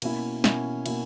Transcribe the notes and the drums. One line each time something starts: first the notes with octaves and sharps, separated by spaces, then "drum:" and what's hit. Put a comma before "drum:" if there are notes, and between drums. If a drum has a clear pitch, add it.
B2 A#3 C#4 E4, drum: cymbal
B2 A#3 C#4 E4, drum: snare
B2 A#3 C#4 E4, drum: cymbal